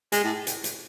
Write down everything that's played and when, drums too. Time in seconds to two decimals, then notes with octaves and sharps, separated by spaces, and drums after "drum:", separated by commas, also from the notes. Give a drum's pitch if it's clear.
0.12 G#3, drum: hi-hat
0.24 A2
0.47 drum: hi-hat
0.64 drum: hi-hat